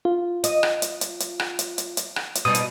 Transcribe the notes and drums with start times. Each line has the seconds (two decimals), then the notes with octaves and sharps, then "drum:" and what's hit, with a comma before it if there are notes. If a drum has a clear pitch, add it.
0.05 F4
0.44 D#5, drum: hi-hat
0.63 drum: rim click
0.82 drum: hi-hat
1.01 drum: hi-hat
1.20 drum: hi-hat
1.40 drum: rim click
1.59 drum: hi-hat
1.78 drum: hi-hat
1.97 drum: hi-hat
2.16 drum: rim click
2.35 drum: hi-hat
2.45 B2 G3 D#4 D#6
2.55 drum: hi-hat